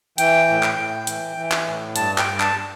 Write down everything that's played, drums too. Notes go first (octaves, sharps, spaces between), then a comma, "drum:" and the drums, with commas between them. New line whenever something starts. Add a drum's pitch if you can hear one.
E3 G5, drum: hi-hat
A2
drum: clap
A2
E3, drum: hi-hat
E3
drum: clap
A2
G2 A5, drum: hi-hat
G5, drum: clap
G2
A5, drum: clap